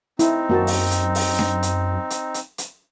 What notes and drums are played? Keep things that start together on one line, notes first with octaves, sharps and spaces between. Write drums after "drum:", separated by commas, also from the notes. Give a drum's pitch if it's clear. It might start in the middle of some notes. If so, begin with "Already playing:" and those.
C4 D#4 E4, drum: hi-hat
F#2 A#3 F#4 A5
drum: open hi-hat
drum: hi-hat
drum: open hi-hat
drum: snare D4
drum: hi-hat
drum: hi-hat
drum: hi-hat
drum: hi-hat